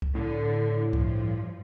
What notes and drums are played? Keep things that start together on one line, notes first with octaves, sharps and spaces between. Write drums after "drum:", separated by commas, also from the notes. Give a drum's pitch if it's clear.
drum: kick C2
A2 D3
G2 F3, drum: kick C2